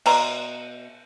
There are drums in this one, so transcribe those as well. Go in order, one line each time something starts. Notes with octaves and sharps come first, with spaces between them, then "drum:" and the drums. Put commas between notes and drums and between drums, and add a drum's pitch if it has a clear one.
B2 A#5 C6, drum: cymbal